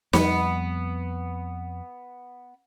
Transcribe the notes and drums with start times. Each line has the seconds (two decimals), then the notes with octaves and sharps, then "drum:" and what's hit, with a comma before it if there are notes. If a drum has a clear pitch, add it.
0.13 F2 G3 B3, drum: snare